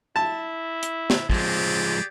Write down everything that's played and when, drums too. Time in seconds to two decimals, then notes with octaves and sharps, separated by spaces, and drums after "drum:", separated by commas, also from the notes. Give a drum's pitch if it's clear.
0.16 E4 A5
0.83 drum: hi-hat
1.10 drum: snare
1.30 F3 G#3 C4 G4 G#4 D5, drum: kick